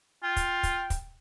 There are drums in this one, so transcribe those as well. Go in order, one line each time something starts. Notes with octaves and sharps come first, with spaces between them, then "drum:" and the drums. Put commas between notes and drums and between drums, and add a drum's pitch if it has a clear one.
F4 G5
drum: kick, hi-hat
drum: kick, hi-hat
drum: kick, hi-hat